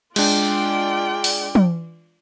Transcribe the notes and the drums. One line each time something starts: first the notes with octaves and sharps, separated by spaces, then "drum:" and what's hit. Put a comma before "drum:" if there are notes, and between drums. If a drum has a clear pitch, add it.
G#3 D4 F4 D5 G5, drum: cymbal
drum: open hi-hat
drum: tom